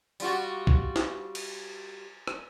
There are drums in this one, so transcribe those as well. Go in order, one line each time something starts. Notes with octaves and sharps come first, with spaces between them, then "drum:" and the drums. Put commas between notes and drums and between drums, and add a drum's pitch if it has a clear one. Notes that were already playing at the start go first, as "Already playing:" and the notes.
G3 F4 F#4, drum: open hi-hat
drum: kick
drum: snare
drum: cymbal
drum: rim click